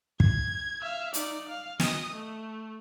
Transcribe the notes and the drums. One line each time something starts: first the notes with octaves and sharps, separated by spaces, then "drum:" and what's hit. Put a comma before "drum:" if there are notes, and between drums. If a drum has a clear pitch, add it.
G#6, drum: kick
E5 F5
D#4 D5, drum: hi-hat
F5
D#5 D#6, drum: snare
A3